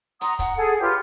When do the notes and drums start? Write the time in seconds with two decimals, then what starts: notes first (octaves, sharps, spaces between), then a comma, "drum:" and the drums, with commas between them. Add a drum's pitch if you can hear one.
0.21 F#5 A#5 C6 D#6, drum: hi-hat
0.39 F#5, drum: kick, hi-hat
0.56 G#4 A4 F#5
0.80 F4 G4 B4 C#5